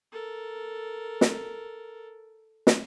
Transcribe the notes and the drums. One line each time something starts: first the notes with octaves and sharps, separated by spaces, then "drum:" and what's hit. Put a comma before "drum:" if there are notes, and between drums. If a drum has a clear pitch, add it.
A4 A#4
drum: snare
drum: snare